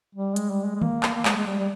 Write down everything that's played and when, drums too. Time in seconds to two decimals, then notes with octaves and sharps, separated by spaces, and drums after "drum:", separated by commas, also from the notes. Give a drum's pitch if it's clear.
0.15 G3
0.36 G#3, drum: hi-hat
0.50 G3
0.65 G#3
0.75 G#3
0.81 A#3, drum: tom D#3
1.03 drum: clap
1.15 A#3
1.25 G#3, drum: clap
1.36 G#3
1.47 G3
1.58 G3